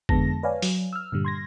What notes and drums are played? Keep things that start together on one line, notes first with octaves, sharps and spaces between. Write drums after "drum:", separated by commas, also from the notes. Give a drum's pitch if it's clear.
F2 D3 G#3 B3 A5 A#6, drum: kick
B4 C#5 D5 F5 G#5
F#3, drum: open hi-hat
E6 F6
G2 A#2 D3 G3
C6 G#6 A#6